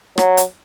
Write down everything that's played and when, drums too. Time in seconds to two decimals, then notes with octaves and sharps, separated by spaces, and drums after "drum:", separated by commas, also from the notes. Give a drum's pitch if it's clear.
0.18 F#3, drum: rim click
0.37 drum: hi-hat